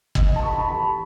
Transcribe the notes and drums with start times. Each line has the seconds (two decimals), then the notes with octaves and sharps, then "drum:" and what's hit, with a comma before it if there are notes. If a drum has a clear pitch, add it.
0.15 D#5, drum: kick
0.36 A5
0.43 C#6
0.48 B5
0.59 A5
0.68 B5